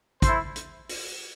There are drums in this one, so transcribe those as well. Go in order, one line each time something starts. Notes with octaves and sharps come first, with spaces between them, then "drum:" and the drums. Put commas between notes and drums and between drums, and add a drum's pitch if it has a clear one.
E4 A4 C5, drum: kick, hi-hat
drum: hi-hat
drum: open hi-hat